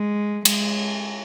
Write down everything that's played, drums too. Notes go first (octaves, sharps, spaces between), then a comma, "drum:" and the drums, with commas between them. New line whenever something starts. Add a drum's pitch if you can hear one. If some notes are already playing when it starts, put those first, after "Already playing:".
Already playing: G#3
G#3, drum: cymbal